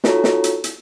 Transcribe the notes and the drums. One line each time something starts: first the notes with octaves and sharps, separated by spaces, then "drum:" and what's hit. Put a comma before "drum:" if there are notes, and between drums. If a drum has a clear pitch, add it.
D#4 F4 F#4 A4 C#5 A#5, drum: snare
drum: snare
drum: hi-hat
drum: hi-hat